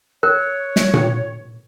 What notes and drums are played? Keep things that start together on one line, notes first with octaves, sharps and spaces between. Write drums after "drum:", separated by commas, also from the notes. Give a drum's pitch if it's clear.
A#4 C#5 F#6
drum: snare
drum: tom A#2